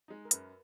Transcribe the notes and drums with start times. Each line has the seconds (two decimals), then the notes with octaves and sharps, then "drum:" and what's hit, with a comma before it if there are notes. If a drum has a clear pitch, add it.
0.08 G#3 D#4
0.25 A#4
0.31 F#2 B4, drum: hi-hat